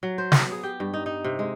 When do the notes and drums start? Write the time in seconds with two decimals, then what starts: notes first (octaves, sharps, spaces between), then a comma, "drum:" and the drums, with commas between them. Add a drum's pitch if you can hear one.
0.03 F#3
0.18 C5
0.32 B3, drum: snare
0.52 G#4
0.63 G4
0.80 G2
0.94 D#4
1.06 D#4
1.24 C3
1.39 G#3